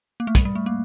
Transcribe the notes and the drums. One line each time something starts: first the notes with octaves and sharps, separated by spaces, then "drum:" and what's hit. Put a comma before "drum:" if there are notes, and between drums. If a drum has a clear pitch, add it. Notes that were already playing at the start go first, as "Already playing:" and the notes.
A#3
A3
G3, drum: kick, hi-hat
G3
A3
A#3